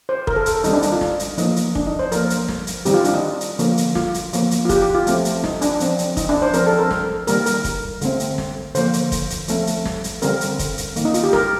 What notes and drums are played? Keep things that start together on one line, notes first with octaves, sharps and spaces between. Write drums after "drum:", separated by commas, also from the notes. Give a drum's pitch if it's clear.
C5
A#4, drum: kick
A4
drum: hi-hat
A4
D#3 G3 C4 D#4, drum: hi-hat
D4
D#4, drum: hi-hat
F4
drum: snare
drum: hi-hat
F3 A#3 D#4, drum: hi-hat
drum: hi-hat
D4, drum: kick
D#4
C5
F3 A#3 A#4, drum: hi-hat
drum: hi-hat
drum: snare
drum: hi-hat
D#3 G3 C4 G4, drum: hi-hat
F4
D4, drum: hi-hat
D#4
drum: hi-hat
D3 F3 A#3, drum: hi-hat
drum: hi-hat
F4, drum: snare
drum: hi-hat
F3 A#3, drum: hi-hat
drum: hi-hat
F4
G4, drum: kick, hi-hat
G4
F4
F3 A3 C4, drum: hi-hat
drum: hi-hat
D#4, drum: snare
D4, drum: hi-hat
F3 C4, drum: hi-hat
drum: hi-hat
D#4, drum: kick, hi-hat
D4
C5
F3 C4 A#4, drum: hi-hat
A4
A#4
drum: snare
D#3 G3 A#3 A#4, drum: hi-hat
A#4, drum: hi-hat
drum: kick, hi-hat
D3 A3 C4, drum: hi-hat
drum: hi-hat
drum: snare
D3 F3 A#3 C5, drum: hi-hat
drum: hi-hat
drum: kick, hi-hat
drum: hi-hat
F3 A3 C4, drum: hi-hat
drum: hi-hat
drum: snare
drum: hi-hat
D3 G3 C4 A#4, drum: hi-hat
drum: hi-hat
drum: kick, hi-hat
drum: hi-hat
D#3 A#3, drum: hi-hat
D#4
F4, drum: hi-hat
G4
A#4, drum: snare